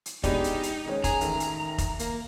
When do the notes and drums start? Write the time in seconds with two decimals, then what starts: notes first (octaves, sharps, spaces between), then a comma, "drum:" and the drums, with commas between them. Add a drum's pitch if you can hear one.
0.06 drum: hi-hat
0.24 B2 G#3 D4 D#4 G4, drum: kick F1, hi-hat
0.44 drum: hi-hat
0.63 drum: hi-hat
0.86 D#3 G#3 C#4
1.04 G#4 A#5, drum: kick F1, hi-hat
1.21 A1 D#3, drum: hi-hat
1.40 drum: hi-hat
1.78 drum: kick F1, hi-hat
1.99 A#3, drum: hi-hat